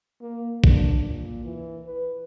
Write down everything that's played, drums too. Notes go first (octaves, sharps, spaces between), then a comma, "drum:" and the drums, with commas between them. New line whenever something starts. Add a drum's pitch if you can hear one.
A#3
D4, drum: kick
A#2
E3
B4